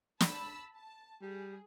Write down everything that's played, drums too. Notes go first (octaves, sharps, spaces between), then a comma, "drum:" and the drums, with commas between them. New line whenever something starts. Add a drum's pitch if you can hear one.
A5 B5 E6, drum: snare
A5
G3 G#4